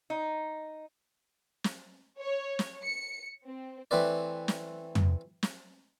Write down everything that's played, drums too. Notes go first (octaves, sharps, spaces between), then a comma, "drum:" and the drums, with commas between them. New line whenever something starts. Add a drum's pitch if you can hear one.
D#4
drum: snare
C#5
drum: snare
C#7
C4
E3 A3 C4 B4 D5
drum: snare
drum: tom
drum: snare